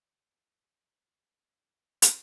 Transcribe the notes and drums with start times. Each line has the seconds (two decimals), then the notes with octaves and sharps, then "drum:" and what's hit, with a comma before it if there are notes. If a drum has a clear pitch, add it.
0.17 F1 F2 C#3 C#5
0.91 C5
1.15 C5
1.39 A#4
1.64 D#2 D#3 F#3 C#5
1.89 C#5
2.02 drum: hi-hat